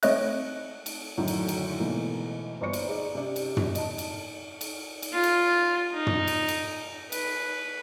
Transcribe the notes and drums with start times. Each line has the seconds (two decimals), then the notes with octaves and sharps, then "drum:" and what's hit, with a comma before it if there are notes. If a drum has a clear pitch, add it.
0.03 A3 C4 C#5 D#5 E5 F#6, drum: cymbal
0.86 drum: cymbal
1.17 F#2 A2 D3 D#3 F#3
1.28 drum: cymbal
1.48 drum: cymbal
1.79 G#2 B2 E3 A3 A#3
2.61 G1 C5 D5 C#6 C#7
2.73 drum: cymbal
2.87 D#4 G#4 D5
3.15 C3 C#4 G4 D5
3.36 drum: cymbal
3.57 drum: tom
3.75 D#5 A5, drum: cymbal
3.98 drum: cymbal
4.61 drum: cymbal
5.02 drum: cymbal
5.12 F4
5.23 drum: cymbal
5.93 D#4
6.07 drum: tom
6.27 drum: cymbal
6.48 drum: cymbal
7.12 B4, drum: cymbal